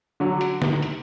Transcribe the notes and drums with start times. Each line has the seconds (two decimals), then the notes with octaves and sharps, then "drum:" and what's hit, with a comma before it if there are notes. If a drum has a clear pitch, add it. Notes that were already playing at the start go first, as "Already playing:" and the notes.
0.20 D3 F#3
0.41 drum: hi-hat
0.62 drum: snare
0.82 drum: hi-hat